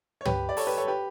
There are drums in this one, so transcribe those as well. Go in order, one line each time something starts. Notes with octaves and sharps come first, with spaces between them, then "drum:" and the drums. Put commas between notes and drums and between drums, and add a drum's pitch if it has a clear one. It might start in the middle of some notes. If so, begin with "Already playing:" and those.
C#5
G4 B4, drum: tom
D5
A4 C#5, drum: open hi-hat
G4 B4
A4 C#5
G4 B4